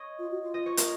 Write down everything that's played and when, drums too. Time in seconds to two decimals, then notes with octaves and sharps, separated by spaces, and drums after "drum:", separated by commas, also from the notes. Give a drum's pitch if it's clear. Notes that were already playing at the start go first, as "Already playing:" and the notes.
Already playing: C#5 D#5
0.19 F4
0.31 F#4
0.43 F4
0.54 D#5
0.66 C#5
0.77 A#4, drum: hi-hat